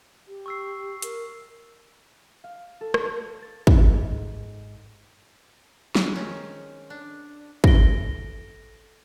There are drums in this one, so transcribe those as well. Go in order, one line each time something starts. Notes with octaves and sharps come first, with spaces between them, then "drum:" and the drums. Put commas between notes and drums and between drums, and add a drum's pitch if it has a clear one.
G4
C#6 E6 C7
A#4, drum: hi-hat
F5
A4
drum: rim click
A6
drum: kick
G#2
G#3, drum: snare
D#3 C4 C#4
D4
A4 A#6 D7 G7, drum: kick